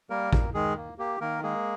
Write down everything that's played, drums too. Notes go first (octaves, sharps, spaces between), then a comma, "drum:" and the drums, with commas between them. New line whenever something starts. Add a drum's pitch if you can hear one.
G3 A#3 A#4
D#3, drum: kick A1
D#3 G#3 G#4
A#3
A#3 G4
D#3 A#3 A#4
G#3 A#3 G#4